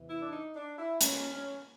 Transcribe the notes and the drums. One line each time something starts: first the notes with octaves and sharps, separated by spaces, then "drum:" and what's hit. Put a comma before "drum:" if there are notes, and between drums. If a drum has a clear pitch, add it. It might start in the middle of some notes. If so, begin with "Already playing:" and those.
Already playing: E2 C3 E3
E4
D4
D#4
D4
E4
C#4, drum: hi-hat
C#4